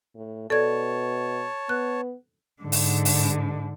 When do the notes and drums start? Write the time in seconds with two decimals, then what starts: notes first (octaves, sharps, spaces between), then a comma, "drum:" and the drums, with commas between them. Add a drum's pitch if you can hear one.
0.16 A2
0.50 B2 A4 C#5 D5 A5 G#6
1.69 B3 F#6
2.62 G#2 D3
2.72 drum: open hi-hat
3.05 drum: open hi-hat